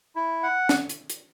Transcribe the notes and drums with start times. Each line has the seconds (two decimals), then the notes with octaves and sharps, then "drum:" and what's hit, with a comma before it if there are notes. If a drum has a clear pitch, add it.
0.15 E4
0.43 F#5
0.69 drum: snare
0.89 drum: hi-hat
1.10 drum: hi-hat